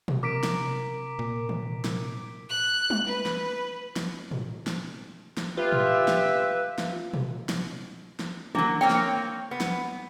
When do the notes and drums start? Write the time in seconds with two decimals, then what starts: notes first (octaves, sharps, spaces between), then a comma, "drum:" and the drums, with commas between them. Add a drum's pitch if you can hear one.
0.08 drum: tom A#2
0.23 C3 A#4 A#5 D6 B6 D7
0.43 drum: snare
1.19 A#2
1.49 drum: tom D3
1.84 drum: snare
2.49 F#6
2.90 drum: tom G3
3.07 B4
3.26 drum: snare
3.96 drum: snare
4.31 drum: tom A2
4.67 drum: snare
5.37 drum: snare
5.57 F4 G4 B4 E5
5.72 drum: tom A2
6.08 drum: snare
6.78 drum: snare
7.14 drum: tom A#2
7.49 drum: snare
8.19 drum: snare
8.55 F#3 A#3 D4 E4, drum: tom D3
8.81 A#3 C4 C#5 G5
8.90 drum: snare
9.51 B3
9.60 drum: snare